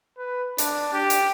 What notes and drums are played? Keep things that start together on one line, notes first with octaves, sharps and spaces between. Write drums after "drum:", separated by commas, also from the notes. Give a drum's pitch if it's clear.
B4
D4, drum: hi-hat
G4
drum: hi-hat